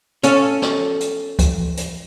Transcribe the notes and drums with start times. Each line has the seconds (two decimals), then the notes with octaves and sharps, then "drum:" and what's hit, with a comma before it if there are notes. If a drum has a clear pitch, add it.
0.23 C#4 A4 C#5 F5, drum: hi-hat
0.62 drum: snare
1.00 drum: hi-hat
1.39 drum: kick, hi-hat
1.77 drum: hi-hat